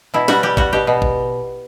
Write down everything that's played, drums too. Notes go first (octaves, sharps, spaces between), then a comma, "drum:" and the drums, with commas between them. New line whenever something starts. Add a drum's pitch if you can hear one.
B2 E4
G3 F#4, drum: snare
G3 G4
G3 F#4, drum: kick G#1
B2 G4
B2
drum: kick G#1